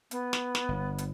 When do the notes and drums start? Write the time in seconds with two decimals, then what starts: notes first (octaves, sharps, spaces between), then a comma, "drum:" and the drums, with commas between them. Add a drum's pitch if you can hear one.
0.11 B3, drum: hi-hat
0.33 drum: snare
0.55 drum: snare
0.68 G1
0.98 drum: hi-hat